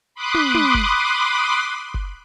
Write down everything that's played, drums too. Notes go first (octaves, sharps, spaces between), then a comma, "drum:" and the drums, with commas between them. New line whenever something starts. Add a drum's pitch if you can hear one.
B5 C6 D6 D#6 F#6
drum: tom
drum: tom
drum: kick F#1
drum: kick F#1